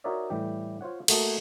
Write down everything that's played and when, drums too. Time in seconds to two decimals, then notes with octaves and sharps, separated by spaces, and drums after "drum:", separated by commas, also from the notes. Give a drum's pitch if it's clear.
0.04 D#4 F#4 A#4 C#5 D5 E5
0.30 A2 E3 G3 G4
0.81 F4 C5 C#5 F#5
1.08 A3 A#3 F#4 D#5 A5, drum: cymbal